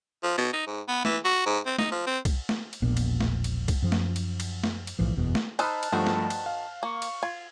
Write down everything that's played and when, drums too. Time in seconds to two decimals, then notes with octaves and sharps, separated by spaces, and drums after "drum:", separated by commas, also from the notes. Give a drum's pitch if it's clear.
0.23 F3
0.38 B2
0.53 D#4
0.67 G#2
0.88 B3
1.05 E3, drum: snare
1.25 F#4
1.46 G#2
1.66 C4
1.79 D#4, drum: snare
1.91 F3
2.07 C4
2.25 drum: kick, cymbal
2.49 drum: snare
2.73 drum: cymbal
2.82 E1 A#1 A#2 B3
2.97 drum: cymbal
3.21 drum: snare
3.44 drum: cymbal
3.68 drum: kick, cymbal
3.82 F#2 F3
3.92 drum: snare
4.16 drum: cymbal
4.40 drum: cymbal
4.64 drum: snare
4.87 drum: cymbal
4.99 B1 A2 E3 F3
5.17 F#1 E2 B2
5.35 drum: snare
5.59 D#4 A4 C5 A5 B5 F6 F#6, drum: cymbal
5.83 drum: cymbal
5.92 G2 D#3 F3 A3 F#4 C5
6.07 drum: snare
6.30 drum: cymbal
6.46 F5
6.83 A#3 C#6
7.02 drum: cymbal
7.23 F4 G#6